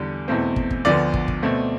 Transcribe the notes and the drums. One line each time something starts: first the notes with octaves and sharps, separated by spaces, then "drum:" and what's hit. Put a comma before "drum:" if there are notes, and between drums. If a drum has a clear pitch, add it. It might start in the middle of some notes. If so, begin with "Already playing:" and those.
Already playing: E2 D3 G3
E2 B2 A3 C4
drum: kick
drum: kick
D2 D3 F3 B3 D5
drum: kick
drum: kick
B2 A3 C4